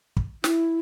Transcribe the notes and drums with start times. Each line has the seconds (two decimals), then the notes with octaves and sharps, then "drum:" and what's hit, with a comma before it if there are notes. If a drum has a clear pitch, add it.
0.17 drum: kick
0.44 E4, drum: snare